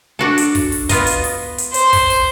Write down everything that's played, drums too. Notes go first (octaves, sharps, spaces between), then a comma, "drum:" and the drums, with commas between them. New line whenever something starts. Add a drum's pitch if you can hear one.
D4 F#4 A4
drum: hi-hat
drum: kick, open hi-hat
drum: open hi-hat
B3 F4 D#5, drum: kick, hi-hat
drum: hi-hat
drum: open hi-hat
drum: hi-hat
C5, drum: hi-hat
drum: kick, open hi-hat
drum: open hi-hat